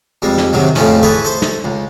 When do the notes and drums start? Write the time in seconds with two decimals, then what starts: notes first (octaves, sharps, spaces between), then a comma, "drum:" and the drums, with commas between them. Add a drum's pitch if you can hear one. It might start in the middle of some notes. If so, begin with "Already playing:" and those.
0.22 F2 G3 G#3
0.38 drum: snare
0.53 G#2 C3 D#3 F#3
0.75 F2 A2 C#3 F3 C4 C#4, drum: snare
1.03 E3 G#4 A4 B4 C#5
1.25 A4 C5
1.42 drum: snare
1.64 C#2